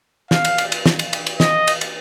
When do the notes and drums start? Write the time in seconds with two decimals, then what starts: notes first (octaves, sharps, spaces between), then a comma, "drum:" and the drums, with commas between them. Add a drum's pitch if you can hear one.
0.31 F5, drum: snare
0.45 drum: cymbal
0.58 drum: cymbal
0.72 drum: cymbal
0.86 drum: snare
0.99 drum: cymbal
1.13 drum: cymbal
1.27 drum: cymbal
1.40 D#5, drum: snare
1.67 drum: cymbal
1.81 drum: cymbal